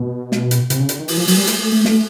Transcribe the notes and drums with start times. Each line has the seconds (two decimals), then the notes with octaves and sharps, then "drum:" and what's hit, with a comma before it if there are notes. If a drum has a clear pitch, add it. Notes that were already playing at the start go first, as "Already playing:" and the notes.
Already playing: B2
0.32 drum: snare
0.51 drum: hi-hat
0.70 C3, drum: hi-hat
0.80 C#3
0.89 D3, drum: hi-hat
0.99 D#3
1.08 E3, drum: open hi-hat
1.17 F3
1.27 F#3, drum: open hi-hat
1.37 G3
1.47 A3, drum: hi-hat
1.59 A3
1.72 A3
1.85 A3, drum: snare